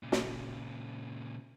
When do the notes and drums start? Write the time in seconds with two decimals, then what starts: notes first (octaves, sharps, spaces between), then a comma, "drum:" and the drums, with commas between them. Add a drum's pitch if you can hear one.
0.03 A#2 C#3
0.12 drum: snare